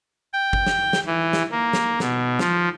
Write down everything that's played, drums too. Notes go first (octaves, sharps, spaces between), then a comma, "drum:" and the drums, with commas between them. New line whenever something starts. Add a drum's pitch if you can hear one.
G5
drum: kick
drum: snare
drum: snare
E3
drum: snare
A#3
drum: snare
B2, drum: snare
F3, drum: snare